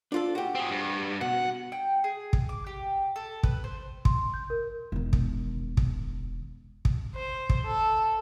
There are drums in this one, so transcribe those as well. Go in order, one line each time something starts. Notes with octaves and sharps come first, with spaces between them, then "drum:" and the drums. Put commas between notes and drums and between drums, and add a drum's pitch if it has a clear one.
D4 F4 A4
F#4 G4
C4 G#4
G2
B2 F#5
G5
G#4
drum: kick
D6
G4
A4
B4, drum: kick
C5
C6, drum: kick
G6
A#4
E1 D#3
drum: kick
drum: kick
drum: kick
C5
drum: kick
A4